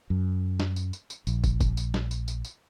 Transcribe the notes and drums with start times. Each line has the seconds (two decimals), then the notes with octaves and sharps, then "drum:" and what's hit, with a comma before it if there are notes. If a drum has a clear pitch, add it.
0.10 F#2
0.60 drum: snare
0.76 drum: tambourine
0.93 drum: tambourine
1.10 drum: tambourine
1.27 A#1, drum: tambourine
1.44 drum: kick, tambourine
1.60 drum: kick, tambourine
1.77 drum: tambourine
1.94 drum: snare
2.11 drum: tambourine
2.28 drum: tambourine
2.45 drum: tambourine